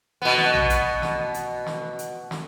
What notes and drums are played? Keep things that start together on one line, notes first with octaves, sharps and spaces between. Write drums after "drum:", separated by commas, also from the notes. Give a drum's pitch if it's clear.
B2 B3
drum: snare
drum: tom A#1
drum: hi-hat
drum: snare
drum: hi-hat
drum: snare
drum: hi-hat
drum: snare